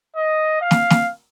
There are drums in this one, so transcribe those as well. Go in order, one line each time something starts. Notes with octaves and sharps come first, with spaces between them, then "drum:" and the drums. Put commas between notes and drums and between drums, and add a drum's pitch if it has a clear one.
D#5
F5
drum: snare
drum: snare